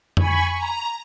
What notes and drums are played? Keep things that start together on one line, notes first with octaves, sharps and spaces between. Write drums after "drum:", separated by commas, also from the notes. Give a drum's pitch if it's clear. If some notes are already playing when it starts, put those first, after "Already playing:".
G#5 B5 C#6, drum: tom F2
A#5